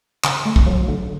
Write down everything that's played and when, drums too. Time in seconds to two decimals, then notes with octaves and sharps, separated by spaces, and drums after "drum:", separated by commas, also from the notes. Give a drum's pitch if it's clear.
0.24 D3, drum: clap
0.45 A3
0.56 drum: kick
0.66 F#3
0.88 D3